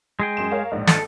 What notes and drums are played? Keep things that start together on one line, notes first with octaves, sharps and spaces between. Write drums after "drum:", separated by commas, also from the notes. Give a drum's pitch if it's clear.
G#3 G#4 G5
F#2 C6 E7
A#4 C#5 F5
A#1 G#2
A4, drum: snare